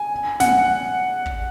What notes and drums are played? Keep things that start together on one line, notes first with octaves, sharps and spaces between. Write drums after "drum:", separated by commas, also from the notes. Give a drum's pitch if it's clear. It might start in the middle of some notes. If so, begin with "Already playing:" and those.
Already playing: G#5
F#5, drum: snare
drum: kick